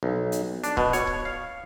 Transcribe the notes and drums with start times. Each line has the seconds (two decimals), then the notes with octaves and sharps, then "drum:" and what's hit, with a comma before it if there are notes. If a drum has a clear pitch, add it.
0.03 B1
0.32 drum: hi-hat
0.64 D4, drum: hi-hat
0.77 B2, drum: kick C#1
0.93 C#5, drum: hi-hat
1.07 drum: kick C#1
1.25 F5